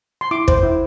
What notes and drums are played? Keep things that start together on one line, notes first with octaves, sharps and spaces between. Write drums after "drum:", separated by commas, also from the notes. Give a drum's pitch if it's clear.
C6
E4 D6
C5, drum: kick
E4